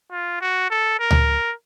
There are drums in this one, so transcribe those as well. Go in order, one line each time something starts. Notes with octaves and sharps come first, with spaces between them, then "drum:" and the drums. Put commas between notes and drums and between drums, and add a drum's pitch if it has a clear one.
F4
F#4
A4
A#4
drum: tom C#2